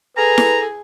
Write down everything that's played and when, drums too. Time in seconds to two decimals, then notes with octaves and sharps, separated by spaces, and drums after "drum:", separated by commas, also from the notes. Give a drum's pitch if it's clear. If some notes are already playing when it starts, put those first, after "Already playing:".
0.17 G#4 A4 B4 A#5
0.38 drum: snare E4